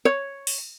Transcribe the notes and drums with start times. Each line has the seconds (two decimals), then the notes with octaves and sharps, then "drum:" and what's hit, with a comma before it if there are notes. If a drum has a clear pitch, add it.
0.05 C#5
0.47 drum: open hi-hat